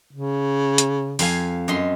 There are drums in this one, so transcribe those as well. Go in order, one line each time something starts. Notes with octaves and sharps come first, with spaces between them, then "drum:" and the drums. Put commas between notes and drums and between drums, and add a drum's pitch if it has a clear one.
C#3
drum: hi-hat
F2 F5 G#5, drum: open hi-hat
F#2 D#5 C6